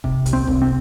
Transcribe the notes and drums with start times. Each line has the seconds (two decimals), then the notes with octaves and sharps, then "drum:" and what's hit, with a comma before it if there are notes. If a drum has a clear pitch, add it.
0.04 C3, drum: kick
0.26 C2, drum: hi-hat
0.33 C4
0.47 C2, drum: kick
0.62 C4